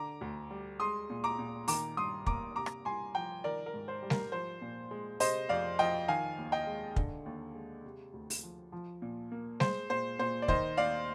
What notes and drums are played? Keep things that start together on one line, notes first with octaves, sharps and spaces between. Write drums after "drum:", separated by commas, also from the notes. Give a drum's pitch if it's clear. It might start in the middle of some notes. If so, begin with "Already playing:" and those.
Already playing: D3 A#5 D6
D2
G3
G#3 C6 D#6
A#2
A#5 D6
A#2
D#3 A#5 D6, drum: open hi-hat
G2 C6 D#6
A#3 A#5 D6, drum: kick
C3 A#5 D6
drum: rim click
C2 G#5 C6
F3 G5 A#5
D#3 A#4 D5
A#4
G#2
C5
G3
A#4, drum: snare G3
F3 C5
A#2
G#3
C3 C5 D#5, drum: open hi-hat
F2 D5 F5
F3 D#5 G5
D#3 F5 G#5
D#2
D#5 G5
G#3
D3, drum: kick
D#2
G#3
C3
D2
drum: open hi-hat
F3
F3
A#2
A#3
G#3 C5, drum: snare G3
A#2 C5
A#2 C5
D5
D#3 C5 D#5, drum: kick
D#2 D5 F5